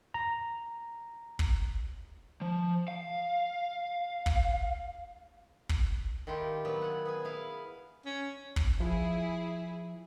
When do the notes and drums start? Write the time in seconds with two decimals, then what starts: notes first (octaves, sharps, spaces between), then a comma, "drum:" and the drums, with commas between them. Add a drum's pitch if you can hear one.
0.14 A#5
1.39 drum: kick
2.41 F3
2.88 F5
4.26 drum: kick
5.69 drum: kick
6.27 D#3 E4 F4 G4
6.65 A#2 F#3 B3
6.82 F#5 G#5
7.05 B3 G#4 G#5
7.25 B3 E4 F5
8.06 C#4
8.56 drum: kick
8.80 F3 E4 G#4